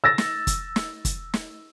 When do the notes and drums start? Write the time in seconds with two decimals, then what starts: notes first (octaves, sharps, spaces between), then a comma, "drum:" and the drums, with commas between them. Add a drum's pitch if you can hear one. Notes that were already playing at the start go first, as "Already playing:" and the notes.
0.04 E6 A6 A#6
0.18 drum: snare
0.47 drum: kick, hi-hat
0.76 drum: snare
1.05 drum: kick, hi-hat
1.34 drum: snare